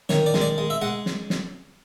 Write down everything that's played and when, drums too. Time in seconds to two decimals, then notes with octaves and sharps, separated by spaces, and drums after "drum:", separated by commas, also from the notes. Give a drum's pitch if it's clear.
0.09 D#3 C#5, drum: snare
0.26 D5
0.34 G#3, drum: snare
0.41 D5
0.58 G#3
0.70 E5
0.82 G#3 F#5
1.06 drum: snare
1.30 drum: snare